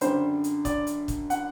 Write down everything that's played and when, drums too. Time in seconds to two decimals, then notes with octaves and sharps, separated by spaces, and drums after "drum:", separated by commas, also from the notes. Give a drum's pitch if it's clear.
0.01 F#2 D3 G3 C5, drum: hi-hat
0.44 drum: hi-hat
0.65 D5, drum: kick, hi-hat
0.87 drum: hi-hat
1.08 drum: kick, hi-hat
1.30 F#5, drum: hi-hat